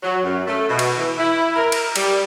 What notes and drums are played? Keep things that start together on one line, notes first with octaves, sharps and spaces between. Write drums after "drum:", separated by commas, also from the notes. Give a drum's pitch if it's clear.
F#3
F#2
A3
B2
drum: cymbal
E3
E4
A#4
drum: cymbal
G3, drum: cymbal